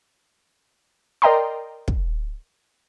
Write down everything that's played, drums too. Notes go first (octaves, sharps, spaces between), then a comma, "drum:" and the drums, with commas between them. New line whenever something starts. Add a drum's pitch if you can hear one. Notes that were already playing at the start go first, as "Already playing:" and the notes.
A#4 D5 D#5 G5 A#5 C6
drum: kick